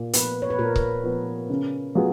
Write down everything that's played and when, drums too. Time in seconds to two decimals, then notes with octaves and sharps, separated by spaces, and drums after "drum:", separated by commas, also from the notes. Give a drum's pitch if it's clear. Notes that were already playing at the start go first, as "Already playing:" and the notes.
Already playing: A#2
0.13 F3 B3 B4, drum: hi-hat
0.42 C#5
0.50 B4
0.59 A#2 A#4
0.76 drum: kick C#1
1.04 F3 B3
1.50 C#3
1.95 F#3 B3 F4 G#4